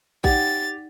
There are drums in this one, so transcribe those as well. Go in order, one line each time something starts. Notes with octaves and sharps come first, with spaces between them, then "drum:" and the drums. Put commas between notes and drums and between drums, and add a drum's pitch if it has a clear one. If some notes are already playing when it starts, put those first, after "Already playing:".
D#4 G4 D5 F#5 A6, drum: kick A1